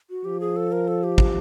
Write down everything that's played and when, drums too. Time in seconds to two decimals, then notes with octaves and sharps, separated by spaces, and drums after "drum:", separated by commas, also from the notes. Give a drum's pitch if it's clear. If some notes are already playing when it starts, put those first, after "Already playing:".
0.10 F#4
0.25 F3 G4
0.40 G#4
0.56 A4
0.72 A#4
0.88 A4
1.04 G4
1.18 drum: kick